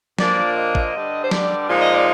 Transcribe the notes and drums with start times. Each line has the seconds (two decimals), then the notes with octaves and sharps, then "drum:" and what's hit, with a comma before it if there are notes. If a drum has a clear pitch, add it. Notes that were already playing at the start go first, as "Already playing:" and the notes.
0.18 A#2 F3 A#3 D4 D5, drum: snare
0.56 D#5
0.75 drum: kick
0.94 G2 D3 G3 D4
1.24 C5
1.31 D5, drum: snare
1.69 A#2 F3 G#3 D#4
1.81 D#5
1.93 D5